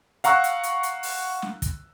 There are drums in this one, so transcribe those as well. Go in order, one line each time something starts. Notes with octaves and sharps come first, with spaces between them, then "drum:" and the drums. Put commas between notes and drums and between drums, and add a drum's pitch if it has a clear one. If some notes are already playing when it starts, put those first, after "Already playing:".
F5 F#5 A#5 C#6 E6 F#6, drum: hi-hat
drum: hi-hat
drum: hi-hat
drum: hi-hat
drum: open hi-hat
drum: snare
drum: kick, hi-hat